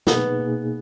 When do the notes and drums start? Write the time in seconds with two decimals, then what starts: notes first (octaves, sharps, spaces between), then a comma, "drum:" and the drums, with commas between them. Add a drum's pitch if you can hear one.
0.07 B2 A#3 B3 D#4 G#4, drum: snare
0.39 B2 A#3 D#4 G#4